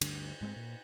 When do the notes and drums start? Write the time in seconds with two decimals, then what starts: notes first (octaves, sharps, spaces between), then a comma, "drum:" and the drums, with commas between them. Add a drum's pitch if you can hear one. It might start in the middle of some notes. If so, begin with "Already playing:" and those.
0.01 D2 G2 D3, drum: cymbal
0.41 G#2 G#3 A3 C4
0.56 A#2